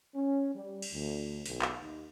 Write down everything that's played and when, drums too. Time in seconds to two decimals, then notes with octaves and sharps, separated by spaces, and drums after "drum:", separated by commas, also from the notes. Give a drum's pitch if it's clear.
0.15 C#4
0.54 G3
0.82 drum: cymbal
0.92 D2
1.46 B1, drum: open hi-hat
1.62 drum: clap
1.80 D#2